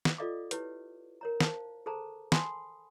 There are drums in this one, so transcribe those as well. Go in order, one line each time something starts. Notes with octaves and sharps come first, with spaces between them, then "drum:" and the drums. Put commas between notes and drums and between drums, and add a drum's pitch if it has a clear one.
drum: snare
F4 A4 D5 D#5 F5 D6
E4 G4 B4 C#5, drum: hi-hat
A#4 C#5 A#5
C5 F5 A5, drum: snare
G#4 A4 C5 A5 A#5
F#5 G#5 A5 B5 C6 D#6, drum: snare